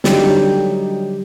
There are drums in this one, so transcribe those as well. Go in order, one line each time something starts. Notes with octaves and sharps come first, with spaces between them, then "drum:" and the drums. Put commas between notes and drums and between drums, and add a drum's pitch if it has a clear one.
D3 F#3 G3 D#4 G4, drum: snare